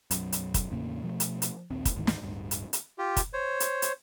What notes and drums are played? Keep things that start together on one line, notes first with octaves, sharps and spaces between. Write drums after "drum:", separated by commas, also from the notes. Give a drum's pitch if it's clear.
B1 F#2, drum: hi-hat
drum: hi-hat
drum: kick, hi-hat
E2 A2 C#3 A#3
B2 F3 F#3 A3
drum: hi-hat
drum: hi-hat
A#1 D#2 C4
drum: kick, hi-hat
D2 G#2 D#3 E3
drum: snare
D1 G2
drum: hi-hat
drum: hi-hat
F4 G4
drum: kick, hi-hat
C5 C#5
drum: hi-hat
drum: hi-hat